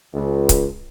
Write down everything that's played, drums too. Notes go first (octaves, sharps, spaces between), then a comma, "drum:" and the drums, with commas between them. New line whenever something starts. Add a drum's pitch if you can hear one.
C#2
drum: kick C#1, hi-hat